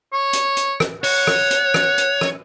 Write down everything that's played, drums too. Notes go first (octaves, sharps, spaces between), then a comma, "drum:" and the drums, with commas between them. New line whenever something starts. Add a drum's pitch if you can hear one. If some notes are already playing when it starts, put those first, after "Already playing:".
C#5
drum: hi-hat
drum: hi-hat
drum: rim click
C#5 F#5, drum: open hi-hat
drum: rim click
drum: hi-hat
drum: rim click
drum: hi-hat
drum: rim click